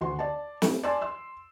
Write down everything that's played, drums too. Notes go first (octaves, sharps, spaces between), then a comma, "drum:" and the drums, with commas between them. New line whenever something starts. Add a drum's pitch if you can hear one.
D2 F#4 C6
D5 A5
A3, drum: snare
D5 G#5 A5 C6 E6
C6 E6